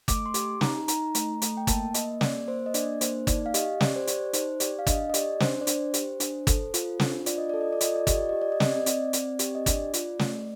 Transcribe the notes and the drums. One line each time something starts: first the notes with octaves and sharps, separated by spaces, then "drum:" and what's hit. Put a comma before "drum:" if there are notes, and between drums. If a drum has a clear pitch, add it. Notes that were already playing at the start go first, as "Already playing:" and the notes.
A3 D6, drum: kick, hi-hat
C6
G4 D6, drum: hi-hat
D#4 A#5, drum: snare
D#4 A#5, drum: hi-hat
A3, drum: hi-hat
A3, drum: hi-hat
G5
A#3 A5, drum: kick, hi-hat
A#3 D#5, drum: hi-hat
A#3 D5, drum: snare
A#3 C5
D#5
D4 D5, drum: hi-hat
A#3 C5, drum: hi-hat
D#4 D5, drum: kick, hi-hat
F5
G4 D#5, drum: hi-hat
G4 D5, drum: snare
C5
G4 D5, drum: hi-hat
D#4 C5, drum: hi-hat
G4 D5, drum: hi-hat
F5
D4 D#5, drum: kick, hi-hat
D#5
G4 D5, drum: hi-hat
D4 C5, drum: snare
D5
D4 C5, drum: hi-hat
G4, drum: hi-hat
D4, drum: hi-hat
A4, drum: kick, hi-hat
F4, drum: hi-hat
D4, drum: snare
F4 D5, drum: hi-hat
D#5
A4 D5
D#5
D5
F4 D#5, drum: hi-hat
D5
G4 D#5, drum: kick, hi-hat
D5
G4 D#5
D5
D#5
C4 D5, drum: snare
D#5
C4 D5, drum: hi-hat
C4, drum: hi-hat
G4, drum: hi-hat
D#5
D4 D5, drum: kick, hi-hat
F4, drum: hi-hat
A3, drum: snare